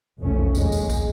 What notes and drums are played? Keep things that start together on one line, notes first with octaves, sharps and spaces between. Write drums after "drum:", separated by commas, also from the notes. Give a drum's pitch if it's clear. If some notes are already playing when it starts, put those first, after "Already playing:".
F1 B1 E2 F3 A3 C#4
D#2 A#2 G#3, drum: tambourine
drum: tambourine
drum: kick, tambourine